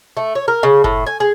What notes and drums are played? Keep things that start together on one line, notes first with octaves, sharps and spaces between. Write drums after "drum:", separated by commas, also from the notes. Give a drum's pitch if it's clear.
A3
C#5
A#4
C#3
A2, drum: kick F#1
G#5
G#4